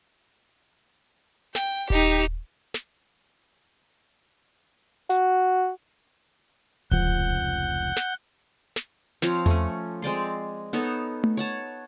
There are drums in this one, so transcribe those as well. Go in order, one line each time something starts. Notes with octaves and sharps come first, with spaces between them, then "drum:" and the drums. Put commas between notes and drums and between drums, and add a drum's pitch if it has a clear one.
G5, drum: snare
D#4 G4, drum: kick D#1
drum: snare
F#4, drum: hi-hat
F1 C#2 F3 F#5 G6, drum: kick D#1
drum: snare
drum: snare
F3 C4 C#5 F5, drum: snare
A3 C#4, drum: tom E2
G#3 C4 D5 C6
B3 D#4 A4 C#5
drum: tom A3
C#5 F#5 A5